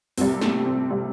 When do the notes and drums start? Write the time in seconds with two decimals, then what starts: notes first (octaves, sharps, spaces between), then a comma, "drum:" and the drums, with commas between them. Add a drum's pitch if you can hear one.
0.18 C2 C3 G3 C4, drum: open hi-hat
0.41 A3, drum: snare
0.66 C4
0.90 C3 G3 C4